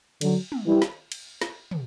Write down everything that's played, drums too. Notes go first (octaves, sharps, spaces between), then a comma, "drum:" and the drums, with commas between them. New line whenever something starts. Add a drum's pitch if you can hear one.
D3 F#3, drum: cymbal
drum: tom
E3 G3
drum: snare
drum: cymbal
drum: snare
drum: tom